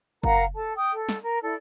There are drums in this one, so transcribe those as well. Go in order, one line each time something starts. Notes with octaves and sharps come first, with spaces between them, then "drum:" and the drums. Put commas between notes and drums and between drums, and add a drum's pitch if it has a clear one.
A#4 F5 F#5 A#5, drum: kick F#1
A4 A5
G5 D#6
A4
drum: snare
A#4
E4 A4 D5